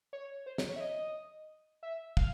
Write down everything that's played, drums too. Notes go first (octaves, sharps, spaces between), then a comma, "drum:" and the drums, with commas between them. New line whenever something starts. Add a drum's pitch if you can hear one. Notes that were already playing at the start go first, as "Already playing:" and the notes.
C#5
C5
C#5, drum: snare
C#5
E5
D#5
E5
F5, drum: kick